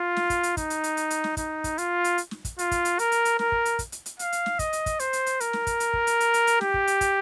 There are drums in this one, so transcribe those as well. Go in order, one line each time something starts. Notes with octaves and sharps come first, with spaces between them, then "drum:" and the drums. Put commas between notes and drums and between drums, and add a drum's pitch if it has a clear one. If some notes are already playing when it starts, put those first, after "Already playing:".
Already playing: F4
drum: snare
drum: kick, hi-hat
drum: hi-hat
D#4, drum: kick, hi-hat
drum: hi-hat
drum: hi-hat
drum: hi-hat
drum: hi-hat
drum: snare
D#4, drum: kick, hi-hat
drum: kick, hi-hat
F4, drum: hi-hat
drum: hi-hat
drum: hi-hat
drum: snare
drum: kick, hi-hat
F4, drum: hi-hat
drum: kick, hi-hat
drum: hi-hat
A#4, drum: hi-hat
drum: hi-hat
drum: hi-hat
A#4, drum: snare
drum: kick
drum: hi-hat
drum: kick, hi-hat
drum: hi-hat
drum: hi-hat
F5, drum: hi-hat
drum: hi-hat
drum: snare
D#5, drum: kick, hi-hat
drum: hi-hat
drum: kick, hi-hat
C5, drum: hi-hat
drum: hi-hat
drum: hi-hat
A#4, drum: hi-hat
drum: snare
drum: kick, hi-hat
drum: hi-hat
drum: kick
drum: hi-hat
drum: hi-hat
drum: hi-hat
drum: hi-hat
G4, drum: snare
drum: kick
drum: hi-hat
drum: kick, hi-hat